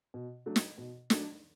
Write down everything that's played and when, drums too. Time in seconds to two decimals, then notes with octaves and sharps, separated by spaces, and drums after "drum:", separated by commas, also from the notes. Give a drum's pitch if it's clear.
0.14 B2
0.46 F#3 A3 D4
0.56 drum: snare
0.78 B2
1.10 F#3 A3 D4, drum: snare